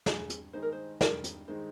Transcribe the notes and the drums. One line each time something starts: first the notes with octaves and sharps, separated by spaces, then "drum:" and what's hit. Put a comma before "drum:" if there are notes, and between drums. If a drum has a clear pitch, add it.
G2 G#4, drum: snare
drum: hi-hat
D#3 G#3 D#4 G#4 C5
A#4
C5
G2 A#4 D5, drum: snare
drum: hi-hat
D#3 G#3 D#4 G#4 C5